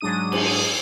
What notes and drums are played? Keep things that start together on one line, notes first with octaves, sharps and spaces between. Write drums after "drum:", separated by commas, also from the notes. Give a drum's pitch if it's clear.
G#2 F#3 G#3 D4 D#6 D#7
drum: cymbal